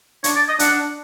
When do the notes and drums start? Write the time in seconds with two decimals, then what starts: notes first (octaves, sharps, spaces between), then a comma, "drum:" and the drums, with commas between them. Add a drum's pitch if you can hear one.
0.24 D4 C#5, drum: hi-hat
0.36 D5
0.49 D#5
0.59 D4 F#5, drum: hi-hat